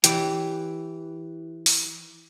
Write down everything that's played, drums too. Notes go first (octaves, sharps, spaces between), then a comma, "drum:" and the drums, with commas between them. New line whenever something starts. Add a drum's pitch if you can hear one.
E3 G4, drum: hi-hat
drum: open hi-hat